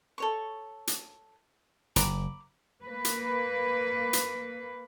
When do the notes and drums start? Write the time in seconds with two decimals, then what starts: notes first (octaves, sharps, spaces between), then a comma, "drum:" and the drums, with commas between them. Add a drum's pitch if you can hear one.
0.18 A4 C#5 C#6
0.87 drum: hi-hat
1.96 F#1 A#5 B5 D6, drum: hi-hat
2.85 A#3 B4
3.05 drum: hi-hat
4.13 drum: hi-hat